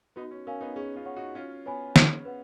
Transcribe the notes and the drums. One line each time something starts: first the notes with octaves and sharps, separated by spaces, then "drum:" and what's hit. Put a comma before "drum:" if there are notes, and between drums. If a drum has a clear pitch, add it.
B3 D#4 F#4
C#4
C#4 A#4 F5 G#5
B3 D#4
C#4 G#4
C#4 F4
C#5 F#5 C#6
D#4 F#4
C#4 F4 F#4
B3 C#5 G#5 B5
C#4 G#4, drum: snare
B3 B4 F#5